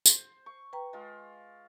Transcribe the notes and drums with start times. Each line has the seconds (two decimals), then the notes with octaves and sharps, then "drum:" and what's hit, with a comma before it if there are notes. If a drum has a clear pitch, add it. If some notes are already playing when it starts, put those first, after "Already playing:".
0.06 C5, drum: tambourine
0.46 C#6
0.73 B4 G5 A#5
0.93 G#3 F4